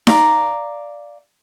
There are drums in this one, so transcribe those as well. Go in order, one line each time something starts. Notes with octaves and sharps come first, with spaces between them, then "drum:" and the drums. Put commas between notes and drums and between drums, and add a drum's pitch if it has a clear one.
D5 F5 A#5, drum: snare D#4